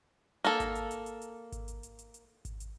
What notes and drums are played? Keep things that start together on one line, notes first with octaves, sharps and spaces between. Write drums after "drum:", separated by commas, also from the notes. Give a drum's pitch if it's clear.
A#3 A4, drum: hi-hat
drum: kick G#1, hi-hat
drum: hi-hat
drum: hi-hat
drum: hi-hat
drum: hi-hat
drum: kick G#1, hi-hat
drum: hi-hat
drum: hi-hat
drum: hi-hat
drum: hi-hat
drum: kick G#1, hi-hat
drum: hi-hat